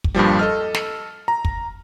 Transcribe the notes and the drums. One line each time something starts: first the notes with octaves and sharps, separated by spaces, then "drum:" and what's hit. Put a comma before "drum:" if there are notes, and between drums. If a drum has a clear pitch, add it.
drum: kick
G2 A#2 F3 G3
A4 D#5 F6
drum: snare
A#5
drum: kick